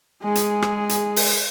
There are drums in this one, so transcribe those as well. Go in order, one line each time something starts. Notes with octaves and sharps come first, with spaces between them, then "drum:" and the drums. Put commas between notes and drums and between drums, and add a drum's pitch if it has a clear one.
G#3 G#4
drum: hi-hat
drum: rim click
drum: hi-hat
drum: open hi-hat